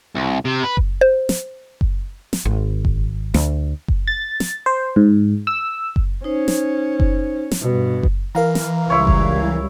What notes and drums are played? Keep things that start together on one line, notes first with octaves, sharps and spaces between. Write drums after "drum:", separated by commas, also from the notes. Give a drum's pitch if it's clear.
C2
C3
B4
drum: kick F#1
C5
drum: snare
drum: kick F#1
drum: snare
G#1
drum: kick F#1
D2, drum: snare
drum: kick F#1
A6
drum: snare
C5
G#2
E6
drum: kick F#1
C#4 D#4 C5
drum: snare
drum: kick F#1
drum: snare
G2 B2
drum: kick F#1
E3 A#4 F5 A#5
drum: snare
C#2 G3 E4 C#5
drum: kick F#1